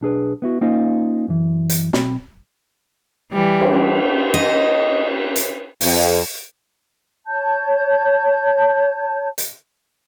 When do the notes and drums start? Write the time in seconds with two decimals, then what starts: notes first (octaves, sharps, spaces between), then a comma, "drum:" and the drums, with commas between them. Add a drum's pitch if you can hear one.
0.01 B1 D4 G#4 B4
0.42 B3 E4 F#4
0.61 A#3 C#4 D#4 F4 C5 D#5
1.28 F#2 E3
1.69 drum: hi-hat
1.93 B1 C4 B5, drum: snare
3.32 E3 G3
3.61 drum: cymbal
4.34 D#5
5.36 drum: hi-hat
5.81 F2, drum: open hi-hat
7.26 C#5 A5 G6
9.38 drum: hi-hat